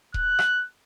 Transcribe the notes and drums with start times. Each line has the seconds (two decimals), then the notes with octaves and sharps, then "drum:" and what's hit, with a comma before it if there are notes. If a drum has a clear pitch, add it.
0.14 F#6, drum: kick D#1
0.39 drum: rim click